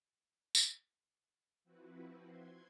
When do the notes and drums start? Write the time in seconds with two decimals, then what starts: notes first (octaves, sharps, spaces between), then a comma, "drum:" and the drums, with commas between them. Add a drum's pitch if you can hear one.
0.55 drum: tambourine
1.64 F3 C4 E4 F#4 B4
2.24 C6 G#6